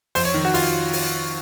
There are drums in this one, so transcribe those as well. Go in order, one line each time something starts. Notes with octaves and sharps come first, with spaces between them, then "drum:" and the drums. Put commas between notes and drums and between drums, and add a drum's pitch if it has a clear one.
F2 C5, drum: open hi-hat
C#5
D#3
F#4
F4, drum: open hi-hat
drum: open hi-hat